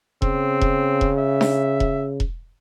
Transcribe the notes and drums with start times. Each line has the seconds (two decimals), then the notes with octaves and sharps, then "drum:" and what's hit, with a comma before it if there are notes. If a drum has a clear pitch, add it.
0.22 C#3 C4, drum: kick E1
0.61 drum: kick E1
1.01 drum: kick E1
1.18 E5
1.41 drum: snare D4
1.80 drum: kick E1
2.20 drum: kick E1